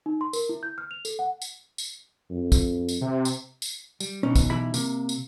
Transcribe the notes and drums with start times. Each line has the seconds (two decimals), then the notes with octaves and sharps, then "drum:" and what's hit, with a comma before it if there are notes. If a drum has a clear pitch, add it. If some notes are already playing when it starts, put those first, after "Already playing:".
0.06 D#4
0.21 C6
0.33 A#4, drum: tambourine
0.49 E4
0.63 G6
0.78 F6
0.91 F7
1.05 A4, drum: tambourine
1.19 F#5
1.42 drum: tambourine
1.78 drum: tambourine
2.31 F2
2.52 drum: kick, tambourine
2.89 drum: tambourine
3.01 C3
3.25 drum: tambourine
3.62 drum: tambourine
4.00 G3, drum: tambourine
4.23 B2 C#4 D#4
4.36 drum: kick, tambourine
4.50 E3 E4 B5
4.74 C3 A#3, drum: tambourine
5.09 drum: tambourine